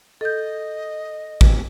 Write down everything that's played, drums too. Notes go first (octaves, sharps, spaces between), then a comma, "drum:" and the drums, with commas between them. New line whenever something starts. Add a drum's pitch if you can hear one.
A4 D#5 G6
drum: kick A1